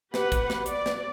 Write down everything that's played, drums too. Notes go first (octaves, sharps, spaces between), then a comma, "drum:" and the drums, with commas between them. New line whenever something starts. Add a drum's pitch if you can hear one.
G4 B4 F#5, drum: snare
drum: kick, hi-hat
drum: snare
D5, drum: hi-hat
drum: snare